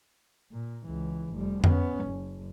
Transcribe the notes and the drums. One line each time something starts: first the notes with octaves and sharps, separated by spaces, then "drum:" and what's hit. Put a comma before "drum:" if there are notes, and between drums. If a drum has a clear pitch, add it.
A#2
C#2 E3
F1 G3
B3 C#4, drum: tom F2
F#1